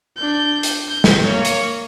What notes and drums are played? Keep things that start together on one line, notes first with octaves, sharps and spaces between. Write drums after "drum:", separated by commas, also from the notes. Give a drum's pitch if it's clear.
D4 G6
drum: hi-hat
G6
drum: snare
A#3 C#5
drum: hi-hat